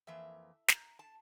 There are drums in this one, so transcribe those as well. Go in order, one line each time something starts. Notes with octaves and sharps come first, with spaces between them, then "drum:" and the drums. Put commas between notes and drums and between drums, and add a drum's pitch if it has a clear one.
F2 E3 A#3 E5
A#5, drum: snare
A5